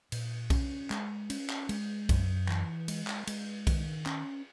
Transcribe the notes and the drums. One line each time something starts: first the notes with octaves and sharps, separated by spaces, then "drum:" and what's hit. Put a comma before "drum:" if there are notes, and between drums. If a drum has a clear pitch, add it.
A#2, drum: cymbal
C#4, drum: kick B1, cymbal
G#3, drum: clap
C#4, drum: cymbal
drum: clap
G#3, drum: cymbal
F#2, drum: kick B1, cymbal
E3, drum: clap
G#3, drum: cymbal
drum: clap
G#3, drum: cymbal
D#3, drum: kick B1, cymbal
C#4, drum: clap